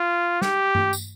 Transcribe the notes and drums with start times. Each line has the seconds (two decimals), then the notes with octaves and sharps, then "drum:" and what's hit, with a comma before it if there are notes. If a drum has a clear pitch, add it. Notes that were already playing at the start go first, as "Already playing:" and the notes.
Already playing: F4
0.42 G4, drum: snare
0.75 drum: tom G2
0.93 drum: tambourine